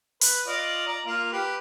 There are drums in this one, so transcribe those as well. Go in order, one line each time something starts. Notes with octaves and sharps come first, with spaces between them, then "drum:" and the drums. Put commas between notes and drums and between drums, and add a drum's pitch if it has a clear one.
B4, drum: open hi-hat
F4 D5 D#5
D5 A#5
A#3 F4
G4 B4